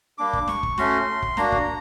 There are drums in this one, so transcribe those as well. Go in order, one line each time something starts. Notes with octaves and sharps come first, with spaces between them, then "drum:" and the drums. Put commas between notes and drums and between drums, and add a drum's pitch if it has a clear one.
G3 A#3 D4 D6
drum: kick
C#6, drum: snare
drum: kick
A3 C#4 F#4 C6, drum: snare
drum: kick
A#3 D4 F#4 A#5, drum: snare
drum: kick